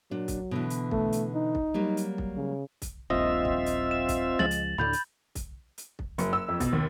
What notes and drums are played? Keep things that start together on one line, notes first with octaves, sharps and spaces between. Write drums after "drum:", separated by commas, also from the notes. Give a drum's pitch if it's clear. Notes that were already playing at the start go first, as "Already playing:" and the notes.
A#2 F#3 D4
drum: kick, hi-hat
B2 D3 E3
drum: hi-hat
A3, drum: kick
drum: hi-hat
D#4
drum: kick
F#3 G3 A#3
drum: hi-hat
drum: kick
C#3
drum: kick, hi-hat
D#1 A#1 C4 F4 D#5 E5
drum: kick
drum: hi-hat
E7
drum: kick, hi-hat
C#2 F3 G#3 A6 F#7
drum: hi-hat
D2 A2 D3 B5 G6
drum: hi-hat
drum: kick, hi-hat
drum: hi-hat
drum: kick
F#1, drum: hi-hat
E6
F2
B2, drum: kick, hi-hat
D#2